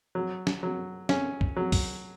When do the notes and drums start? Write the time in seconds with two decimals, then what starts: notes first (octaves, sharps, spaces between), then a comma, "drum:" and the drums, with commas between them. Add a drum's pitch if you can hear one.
0.15 F#3
0.47 drum: snare
0.63 F#3
1.09 C#4, drum: snare
1.41 drum: kick
1.56 F#3
1.72 drum: kick, open hi-hat